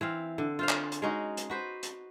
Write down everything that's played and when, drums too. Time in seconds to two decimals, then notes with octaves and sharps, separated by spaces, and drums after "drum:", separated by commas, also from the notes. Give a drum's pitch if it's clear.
0.01 E3 C4 F5
0.38 D3
0.59 F4 C5 F5
0.69 drum: clap
0.92 drum: hi-hat
1.02 G#3 C#4 D#4 F#4
1.37 drum: hi-hat
1.50 F#4 B4 C5
1.83 drum: hi-hat